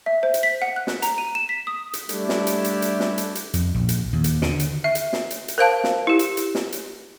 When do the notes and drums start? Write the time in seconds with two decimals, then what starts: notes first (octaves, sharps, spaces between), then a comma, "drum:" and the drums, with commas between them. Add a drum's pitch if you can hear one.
0.06 E5
0.23 C5
0.34 drum: hi-hat
0.43 B6
0.62 F#5
0.76 F#6
0.87 drum: snare
1.02 A#5, drum: hi-hat
1.18 D#7
1.35 E7
1.49 B6
1.67 D#6
1.93 drum: hi-hat
2.09 G3 A3 D4 E4 G4, drum: hi-hat
2.29 drum: snare
2.47 drum: hi-hat
2.64 drum: hi-hat
2.82 drum: hi-hat
3.00 drum: snare
3.18 drum: hi-hat
3.35 drum: hi-hat
3.54 F2, drum: hi-hat
3.75 A#1
3.89 drum: hi-hat
4.13 D#2
4.24 drum: hi-hat
4.42 D3, drum: snare
4.60 drum: hi-hat
4.84 E5
4.95 drum: hi-hat
5.13 drum: snare
5.31 drum: hi-hat
5.48 drum: hi-hat
5.58 A#4 C5 F5 A5
5.84 drum: snare
6.07 E4 G4
6.19 drum: hi-hat
6.37 drum: hi-hat
6.55 drum: snare
6.72 drum: hi-hat